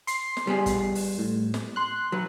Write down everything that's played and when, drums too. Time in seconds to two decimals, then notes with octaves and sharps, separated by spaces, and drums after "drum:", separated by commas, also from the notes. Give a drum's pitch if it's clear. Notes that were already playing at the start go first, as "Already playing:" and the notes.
0.07 C6 C7, drum: hi-hat
0.37 drum: snare
0.47 G3 B3 G#4
0.66 drum: kick, hi-hat
0.95 drum: open hi-hat
1.18 A2
1.54 drum: snare
1.76 C6 F#6
2.12 F#3 B4